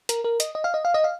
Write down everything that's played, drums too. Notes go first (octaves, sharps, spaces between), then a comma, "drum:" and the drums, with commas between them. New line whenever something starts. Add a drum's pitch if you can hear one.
A#4, drum: hi-hat
A#4
D#5, drum: hi-hat
D#5
F5
D#5
F5
D#5
F5